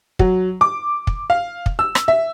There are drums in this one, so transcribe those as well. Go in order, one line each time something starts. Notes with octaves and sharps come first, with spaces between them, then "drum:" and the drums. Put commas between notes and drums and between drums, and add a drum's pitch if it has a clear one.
F#3, drum: kick
D6
drum: kick
F5
drum: kick
E6
drum: rim click
E5